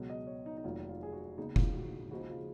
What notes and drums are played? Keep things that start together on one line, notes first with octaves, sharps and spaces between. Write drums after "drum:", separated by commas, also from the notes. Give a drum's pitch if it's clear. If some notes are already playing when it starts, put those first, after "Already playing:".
Already playing: C#2 B2 F#3
D#5
C#5
D#4
D#4
F1 D#2 D#3 F#3 F4
F4
G#4
F#4
D#2 C#3 G#3 B3 D#4
F4, drum: kick F1
F#4
D#2 C#3 F3 G#3 F#4
F4